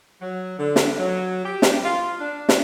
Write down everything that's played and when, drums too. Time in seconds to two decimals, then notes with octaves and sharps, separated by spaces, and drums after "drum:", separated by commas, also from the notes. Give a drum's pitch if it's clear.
0.21 F#3
0.58 D3
0.76 drum: snare
0.99 F#3
1.44 G4
1.62 drum: snare
1.84 F4
2.20 D4
2.49 drum: snare